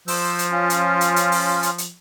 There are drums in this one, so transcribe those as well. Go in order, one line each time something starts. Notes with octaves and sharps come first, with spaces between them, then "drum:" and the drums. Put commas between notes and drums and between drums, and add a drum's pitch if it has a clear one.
F3 C5 E6, drum: open hi-hat
drum: hi-hat
C#4 F4
drum: hi-hat
drum: hi-hat
drum: hi-hat
drum: open hi-hat
drum: hi-hat
drum: hi-hat